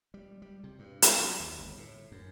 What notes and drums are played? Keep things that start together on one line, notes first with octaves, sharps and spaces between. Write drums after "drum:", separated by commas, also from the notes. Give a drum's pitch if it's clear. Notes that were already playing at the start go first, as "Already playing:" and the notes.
G3
G3
C3
G2
drum: hi-hat
F#3
D#2
G1
A2
F#2